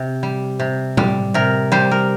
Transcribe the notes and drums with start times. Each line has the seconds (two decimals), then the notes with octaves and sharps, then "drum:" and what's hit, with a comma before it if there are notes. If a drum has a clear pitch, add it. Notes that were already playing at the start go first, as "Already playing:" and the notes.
Already playing: C3
0.23 G3
0.60 C3
0.97 G3, drum: tom A2
1.34 C3 A#4
1.72 G3 C5
1.91 A#4